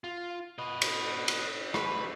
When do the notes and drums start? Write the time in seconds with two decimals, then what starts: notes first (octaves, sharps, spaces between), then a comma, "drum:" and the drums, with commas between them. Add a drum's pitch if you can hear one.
0.04 F4
0.59 B4 D#5
0.82 drum: cymbal
1.28 drum: cymbal
1.74 B4, drum: rim click